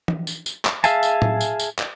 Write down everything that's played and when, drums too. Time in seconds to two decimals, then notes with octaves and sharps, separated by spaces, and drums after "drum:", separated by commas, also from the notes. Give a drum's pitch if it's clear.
0.08 drum: tom E3
0.27 drum: tambourine
0.46 drum: tambourine
0.65 drum: clap
0.84 G#4 E5 F5 G#5 A5, drum: tambourine
1.03 drum: tambourine
1.22 drum: tom A2
1.41 drum: tambourine
1.60 drum: tambourine
1.78 drum: clap